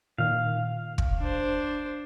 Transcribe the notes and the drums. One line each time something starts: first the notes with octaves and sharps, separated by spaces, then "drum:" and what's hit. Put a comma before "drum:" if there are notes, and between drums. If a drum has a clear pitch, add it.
A#2 D#3 F5
drum: kick
D4 C5